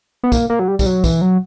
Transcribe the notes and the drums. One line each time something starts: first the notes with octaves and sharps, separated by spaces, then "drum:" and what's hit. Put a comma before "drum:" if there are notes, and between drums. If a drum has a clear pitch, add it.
B3
A#3, drum: kick, tambourine
A#3
F#3
G3
G3, drum: kick, tambourine
F#3
E3, drum: kick, tambourine
F#3